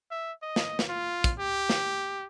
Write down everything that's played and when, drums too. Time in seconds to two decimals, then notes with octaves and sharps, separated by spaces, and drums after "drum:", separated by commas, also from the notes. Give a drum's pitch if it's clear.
0.11 E5
0.43 D#5
0.56 drum: snare
0.79 drum: snare
0.89 F4
1.24 drum: kick, hi-hat
1.39 G4
1.70 drum: snare